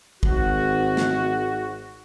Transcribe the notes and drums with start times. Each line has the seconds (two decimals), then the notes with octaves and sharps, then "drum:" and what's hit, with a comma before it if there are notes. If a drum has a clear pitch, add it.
0.23 G#1 F#4, drum: kick
0.97 drum: snare